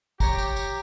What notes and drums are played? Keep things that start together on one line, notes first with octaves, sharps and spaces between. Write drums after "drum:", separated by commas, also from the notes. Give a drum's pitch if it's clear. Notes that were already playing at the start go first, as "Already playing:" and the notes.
G4 C#5 A#5, drum: kick, tambourine
drum: tambourine
drum: tambourine